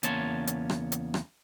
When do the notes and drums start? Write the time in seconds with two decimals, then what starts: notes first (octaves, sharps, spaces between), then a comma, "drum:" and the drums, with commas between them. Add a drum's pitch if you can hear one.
0.03 E2 C#3 A#3 C#5 A5 C6, drum: hi-hat
0.47 drum: hi-hat
0.70 drum: rim click
0.92 drum: hi-hat
1.14 drum: rim click